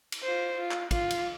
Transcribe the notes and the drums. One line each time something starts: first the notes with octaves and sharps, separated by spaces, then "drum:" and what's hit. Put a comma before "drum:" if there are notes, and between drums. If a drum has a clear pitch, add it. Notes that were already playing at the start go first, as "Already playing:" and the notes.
drum: cymbal
F4 C5
F4
drum: clap
F4, drum: kick, cymbal
drum: cymbal